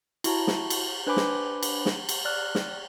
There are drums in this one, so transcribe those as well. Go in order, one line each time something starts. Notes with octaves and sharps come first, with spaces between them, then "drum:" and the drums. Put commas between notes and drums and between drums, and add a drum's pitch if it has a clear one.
E4 F#4 A5 A#5, drum: cymbal
drum: snare
drum: cymbal
D4 B4 C5 G#5 B5 D6
drum: snare
drum: cymbal
drum: snare
drum: cymbal
D5 F6 F#6
drum: snare